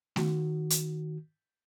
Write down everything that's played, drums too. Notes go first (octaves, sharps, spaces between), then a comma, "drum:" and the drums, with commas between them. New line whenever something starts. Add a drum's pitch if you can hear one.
D#3 F#4, drum: snare A3
drum: hi-hat